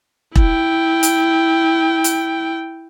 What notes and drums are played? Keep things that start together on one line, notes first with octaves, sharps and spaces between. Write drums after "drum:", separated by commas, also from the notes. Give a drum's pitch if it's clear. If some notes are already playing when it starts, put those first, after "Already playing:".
E4 G5, drum: kick E1
drum: hi-hat
drum: hi-hat